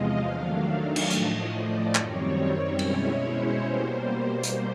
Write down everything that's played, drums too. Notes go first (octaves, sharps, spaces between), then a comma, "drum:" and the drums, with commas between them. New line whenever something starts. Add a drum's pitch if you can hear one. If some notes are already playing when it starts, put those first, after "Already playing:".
Already playing: E2 C3 F3 G#3 D#5 F5
D#3 F#3 A3 D4
drum: cymbal
A2 F3 A3 D#5, drum: hi-hat
D5
F#2 D#3 G3 C4 C#5, drum: clap
B2 G#3 C#4 E4, drum: cymbal
C5
B2 G3 A#3
drum: hi-hat